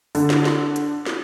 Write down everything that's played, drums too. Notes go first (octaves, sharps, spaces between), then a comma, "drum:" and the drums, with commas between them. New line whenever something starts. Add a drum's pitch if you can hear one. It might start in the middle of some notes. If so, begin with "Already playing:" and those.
D3, drum: open hi-hat
drum: snare
drum: snare
drum: hi-hat
drum: snare